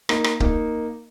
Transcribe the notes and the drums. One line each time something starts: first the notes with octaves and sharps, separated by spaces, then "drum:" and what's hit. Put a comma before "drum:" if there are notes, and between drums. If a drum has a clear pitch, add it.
A#3 D#4, drum: rim click
drum: rim click
A#3 D#4, drum: kick C#1